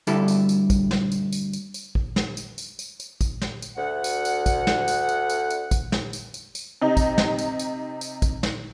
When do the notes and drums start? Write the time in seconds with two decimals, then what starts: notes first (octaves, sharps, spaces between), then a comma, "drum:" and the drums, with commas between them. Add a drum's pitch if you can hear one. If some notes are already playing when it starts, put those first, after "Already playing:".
0.07 D2 G2 D3 G3 E4 A4, drum: tambourine
0.28 drum: tambourine
0.49 drum: tambourine
0.70 drum: kick A1, tambourine
0.91 drum: snare
1.12 drum: tambourine
1.33 drum: tambourine
1.53 drum: tambourine
1.74 drum: tambourine
1.95 drum: kick A1
2.16 drum: snare
2.37 drum: tambourine
2.58 drum: tambourine
2.79 drum: tambourine
3.00 drum: tambourine
3.21 drum: kick A1, tambourine
3.42 drum: snare
3.62 drum: tambourine
3.78 D2 F#5
4.04 drum: tambourine
4.25 drum: tambourine
4.46 drum: kick A1, tambourine
4.67 drum: snare
4.88 drum: tambourine
5.09 drum: tambourine
5.30 drum: tambourine
5.50 drum: tambourine
5.71 drum: kick A1, tambourine
5.92 drum: snare
6.13 drum: tambourine
6.34 drum: tambourine
6.55 drum: tambourine
6.82 C3 D#4
6.97 drum: kick A1, tambourine
7.18 drum: snare
7.39 drum: tambourine
7.59 drum: tambourine
8.01 drum: tambourine
8.22 drum: kick A1, tambourine
8.43 drum: snare